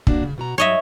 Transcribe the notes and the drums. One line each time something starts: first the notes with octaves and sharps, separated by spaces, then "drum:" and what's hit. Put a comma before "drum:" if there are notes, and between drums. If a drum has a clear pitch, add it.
A#3 D4 F#4, drum: kick
C#3
B2 F#4 A#5
G2 F#3 C#5 D#5 E5